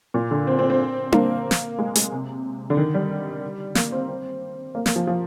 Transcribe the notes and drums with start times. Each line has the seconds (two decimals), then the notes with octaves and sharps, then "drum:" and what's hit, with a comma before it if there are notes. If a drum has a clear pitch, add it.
0.14 A#2
0.31 D3
0.47 C4
0.59 C4
0.70 C4
1.12 A#3, drum: tom D4
1.51 drum: snare
1.79 G#3
1.95 G#3, drum: hi-hat
2.12 C3
2.70 D3
2.77 D#3
2.94 G3
3.75 A#3, drum: snare
3.92 C4
4.08 C4
4.75 A#3
4.86 A#3, drum: snare
4.96 F3
5.07 F3